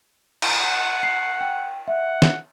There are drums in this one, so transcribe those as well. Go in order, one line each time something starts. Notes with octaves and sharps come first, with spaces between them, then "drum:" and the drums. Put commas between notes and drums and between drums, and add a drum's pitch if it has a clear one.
drum: cymbal
F#5
C7
G5
E5 F#5
drum: snare